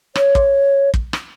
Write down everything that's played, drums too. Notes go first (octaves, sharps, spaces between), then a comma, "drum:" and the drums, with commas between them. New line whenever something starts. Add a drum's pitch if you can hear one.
C#5, drum: rim click
drum: kick
drum: kick
drum: rim click